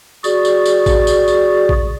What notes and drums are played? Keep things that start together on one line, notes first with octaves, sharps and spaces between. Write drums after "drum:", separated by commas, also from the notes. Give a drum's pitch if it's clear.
F#4 G#4 D5, drum: tambourine
drum: tambourine
drum: tambourine
drum: kick A1, tambourine
drum: tambourine
drum: tambourine
drum: kick A1